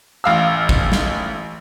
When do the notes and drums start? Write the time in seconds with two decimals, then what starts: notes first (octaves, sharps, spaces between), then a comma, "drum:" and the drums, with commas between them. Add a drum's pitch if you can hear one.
0.24 A1 F5 E6
0.69 drum: kick
0.92 drum: snare